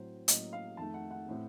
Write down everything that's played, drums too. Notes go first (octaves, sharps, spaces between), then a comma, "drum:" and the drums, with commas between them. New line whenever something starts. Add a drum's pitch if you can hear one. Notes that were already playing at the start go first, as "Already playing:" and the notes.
Already playing: A2 F#3 C4 C5
A2 F#3 A#3 C#4 D#5, drum: hi-hat
F5
F2 D#3 A3 A5
F#5
F#5
A2 A3 C4